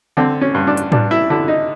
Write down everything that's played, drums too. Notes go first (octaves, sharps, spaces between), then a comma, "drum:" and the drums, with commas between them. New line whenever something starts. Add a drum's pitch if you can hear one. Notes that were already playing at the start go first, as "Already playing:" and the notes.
D3 C4
C#4
G2
D4
drum: hi-hat
G2 D4, drum: tom A2
E4
D3 E4
D#4